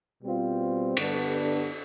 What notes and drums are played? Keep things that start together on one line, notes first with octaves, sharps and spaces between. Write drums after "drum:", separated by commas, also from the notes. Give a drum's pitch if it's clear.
B2 G3 C4 F4
G2 D3 G3 B3 D4, drum: cymbal